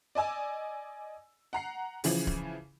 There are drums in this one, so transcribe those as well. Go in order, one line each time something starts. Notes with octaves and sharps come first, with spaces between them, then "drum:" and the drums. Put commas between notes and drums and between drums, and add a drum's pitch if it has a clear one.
D5 D#5 G#5 E6
F#5 A#5 C7
C#3 E3 F3, drum: open hi-hat
drum: kick D1